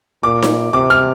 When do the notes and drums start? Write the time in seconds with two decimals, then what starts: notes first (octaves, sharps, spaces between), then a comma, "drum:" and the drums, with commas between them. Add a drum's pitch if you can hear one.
0.23 A#2 D6
0.42 drum: snare D#4
0.73 C3 D6
0.90 F6